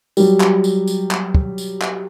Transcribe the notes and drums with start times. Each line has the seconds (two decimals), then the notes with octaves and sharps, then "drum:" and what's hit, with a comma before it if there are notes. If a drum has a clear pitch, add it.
0.17 F#3 G3, drum: tambourine
0.40 drum: clap
0.64 drum: tambourine
0.87 drum: tambourine
1.11 drum: clap
1.35 drum: kick
1.58 drum: tambourine
1.82 drum: clap